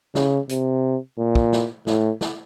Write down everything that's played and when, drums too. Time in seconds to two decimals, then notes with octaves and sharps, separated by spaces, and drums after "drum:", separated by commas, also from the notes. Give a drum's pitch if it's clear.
0.15 C#3, drum: snare
0.49 C3, drum: hi-hat
1.18 A#2
1.35 drum: kick
1.53 drum: snare
1.87 A2, drum: snare
2.21 drum: snare